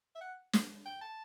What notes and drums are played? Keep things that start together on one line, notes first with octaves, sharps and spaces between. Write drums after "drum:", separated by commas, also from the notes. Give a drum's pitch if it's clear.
E5
F#5
drum: snare
G5
A5